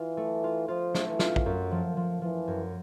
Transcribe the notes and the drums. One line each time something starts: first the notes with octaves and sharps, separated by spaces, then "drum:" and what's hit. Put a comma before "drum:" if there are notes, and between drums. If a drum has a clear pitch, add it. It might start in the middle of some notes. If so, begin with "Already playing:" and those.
Already playing: E3 F4
A3
F4
F3 F4
A3, drum: snare
E3
F4, drum: snare
drum: kick
F#2
F3
F3
E3 F3
F#2